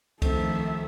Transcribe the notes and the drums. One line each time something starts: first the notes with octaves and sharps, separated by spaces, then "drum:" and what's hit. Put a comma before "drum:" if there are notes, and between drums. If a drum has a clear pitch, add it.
D#3 F3 A3 C4 A4 E5, drum: kick C2, cymbal